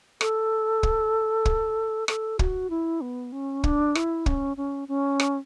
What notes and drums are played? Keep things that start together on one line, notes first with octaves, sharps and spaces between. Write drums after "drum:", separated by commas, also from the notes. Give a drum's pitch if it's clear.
A4, drum: rim click
drum: kick
drum: kick
A4, drum: rim click
F#4, drum: kick
E4
B3
C#4
D4, drum: kick
E4, drum: rim click
C#4, drum: kick
C#4
C#4
drum: rim click